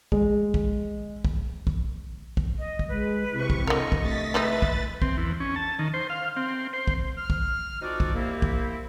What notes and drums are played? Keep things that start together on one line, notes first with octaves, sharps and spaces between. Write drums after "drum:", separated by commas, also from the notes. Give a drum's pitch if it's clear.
G#3, drum: kick
drum: kick
drum: kick
drum: kick
drum: kick
D#5
drum: kick
G#3 B4
C3 E4 C#6
drum: kick
D3 A#4 D#5
drum: kick
A3 A6 B6
E3 G#3 D#4 B4 E5 A6
drum: kick
C4, drum: kick
E2
C#4
A5
D#3
C5
F5
C4
C5
drum: kick
F6
drum: kick
C4 D#4 F4 F#4 A4 D5
drum: kick
C2 A#3 C4 E4
drum: kick